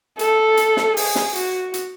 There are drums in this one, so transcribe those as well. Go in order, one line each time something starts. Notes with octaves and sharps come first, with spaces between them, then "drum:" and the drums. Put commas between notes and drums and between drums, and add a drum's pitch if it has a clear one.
A4, drum: hi-hat
drum: hi-hat
drum: snare
G#4, drum: open hi-hat
drum: snare
F#4, drum: hi-hat
drum: hi-hat